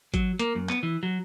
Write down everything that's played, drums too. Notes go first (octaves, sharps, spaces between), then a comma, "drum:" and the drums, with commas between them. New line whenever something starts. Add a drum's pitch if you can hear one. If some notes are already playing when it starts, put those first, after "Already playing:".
F#3, drum: kick G#1, hi-hat
A#3, drum: hi-hat
F#2
B3, drum: clap
E3
F#3